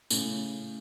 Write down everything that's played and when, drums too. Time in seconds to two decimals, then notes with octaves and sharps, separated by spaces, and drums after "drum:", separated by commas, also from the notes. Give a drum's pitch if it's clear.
0.10 A2 C#3, drum: tambourine